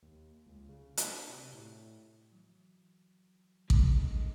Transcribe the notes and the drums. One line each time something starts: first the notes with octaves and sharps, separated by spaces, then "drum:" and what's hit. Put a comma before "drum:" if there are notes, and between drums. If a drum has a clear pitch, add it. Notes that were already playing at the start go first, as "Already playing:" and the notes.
D#2
C#2
C#3
D4, drum: hi-hat
C3
A2
E3 F#3
D3 F3 F#3 G#3 A#3, drum: kick A1